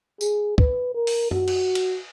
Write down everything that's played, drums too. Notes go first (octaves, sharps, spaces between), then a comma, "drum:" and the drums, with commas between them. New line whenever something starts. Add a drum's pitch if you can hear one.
G#4, drum: tambourine
B4, drum: kick C#2
A#4
drum: open hi-hat
F#4, drum: tom F#2
drum: cymbal
drum: cymbal